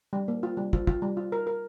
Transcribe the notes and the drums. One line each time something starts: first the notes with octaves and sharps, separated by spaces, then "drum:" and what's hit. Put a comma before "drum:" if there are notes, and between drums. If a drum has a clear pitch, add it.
G3
A#3
F4
G3
F4, drum: kick
F4, drum: kick
G3
F4
A#4
A#4